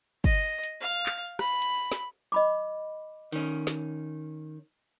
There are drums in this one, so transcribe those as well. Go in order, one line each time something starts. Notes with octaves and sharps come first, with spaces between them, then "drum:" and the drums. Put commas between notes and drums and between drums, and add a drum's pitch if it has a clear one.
D#5, drum: kick
drum: hi-hat
F5
drum: clap
B5, drum: rim click
drum: hi-hat
drum: snare
D#5 B5 D6
D#3 C#4, drum: open hi-hat
drum: snare